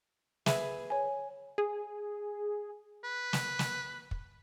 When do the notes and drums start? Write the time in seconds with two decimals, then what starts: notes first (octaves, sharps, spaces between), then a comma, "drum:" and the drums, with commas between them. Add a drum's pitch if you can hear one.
0.46 G#4 B4 E5, drum: snare
0.90 C#5 G#5
1.58 G#4
3.04 B4
3.33 drum: snare
3.59 drum: snare
4.11 drum: kick